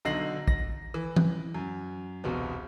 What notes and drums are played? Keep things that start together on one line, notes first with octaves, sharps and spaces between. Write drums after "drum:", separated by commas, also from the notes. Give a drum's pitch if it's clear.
B1 D3 D#4 A#6 C7 F#7
A#6, drum: kick A#1
E3
drum: tom E3
F#2
E1 C2 B2